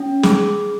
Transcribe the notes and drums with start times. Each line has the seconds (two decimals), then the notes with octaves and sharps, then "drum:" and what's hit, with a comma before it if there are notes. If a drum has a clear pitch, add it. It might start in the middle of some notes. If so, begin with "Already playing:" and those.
Already playing: C#4
0.23 G#4, drum: snare